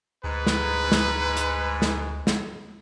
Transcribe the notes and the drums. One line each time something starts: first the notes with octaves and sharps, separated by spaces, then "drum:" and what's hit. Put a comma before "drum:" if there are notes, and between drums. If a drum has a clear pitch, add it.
D2 G#2 B4
drum: snare
drum: snare
drum: hi-hat
drum: snare
drum: snare